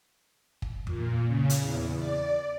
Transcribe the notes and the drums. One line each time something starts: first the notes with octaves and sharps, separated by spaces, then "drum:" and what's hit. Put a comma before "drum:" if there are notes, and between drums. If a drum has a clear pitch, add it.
drum: kick
A#2, drum: tom F2
C#3
drum: hi-hat
E2
D5